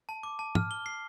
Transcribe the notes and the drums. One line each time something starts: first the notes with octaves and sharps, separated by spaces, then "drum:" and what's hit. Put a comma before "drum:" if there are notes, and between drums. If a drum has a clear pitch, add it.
A5
D6
A5
F6, drum: tom
G7
C7